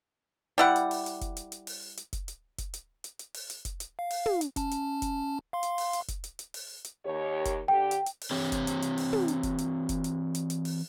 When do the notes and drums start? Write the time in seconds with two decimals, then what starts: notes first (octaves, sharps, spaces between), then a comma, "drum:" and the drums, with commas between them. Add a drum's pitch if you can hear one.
0.58 G3 E4 F#5
0.76 drum: hi-hat
0.91 drum: open hi-hat
1.06 drum: hi-hat
1.21 drum: kick F1, hi-hat
1.37 drum: hi-hat
1.52 drum: hi-hat
1.67 drum: open hi-hat
1.97 drum: hi-hat
2.13 drum: kick F1, hi-hat
2.28 drum: hi-hat
2.58 drum: kick F1, hi-hat
2.74 drum: hi-hat
3.04 drum: hi-hat
3.19 drum: hi-hat
3.34 drum: open hi-hat
3.50 drum: hi-hat
3.65 drum: kick F1, hi-hat
3.80 drum: hi-hat
3.99 F5
4.11 drum: open hi-hat
4.26 drum: tom
4.41 drum: hi-hat
4.56 C#4 A5, drum: kick F1, hi-hat
4.71 drum: hi-hat
5.02 drum: kick F1, hi-hat
5.53 F5 C6
5.63 drum: hi-hat
5.78 drum: open hi-hat
5.93 drum: hi-hat
6.08 drum: kick F1, hi-hat
6.24 drum: hi-hat
6.39 drum: hi-hat
6.54 drum: open hi-hat
6.84 drum: hi-hat
7.05 D#2 G4 C#5
7.45 drum: kick F1, hi-hat
7.68 D3 G4 G5
7.91 drum: hi-hat
8.06 drum: hi-hat
8.21 drum: open hi-hat
8.31 E3 C4 G4 C#5
8.52 drum: kick F1, hi-hat
8.67 drum: hi-hat
8.82 drum: hi-hat
8.98 drum: open hi-hat
9.13 drum: tom
9.28 drum: hi-hat
9.43 drum: kick F1, hi-hat
9.58 drum: hi-hat
9.89 drum: kick F1, hi-hat
10.04 drum: hi-hat
10.35 drum: hi-hat
10.50 drum: hi-hat
10.65 drum: open hi-hat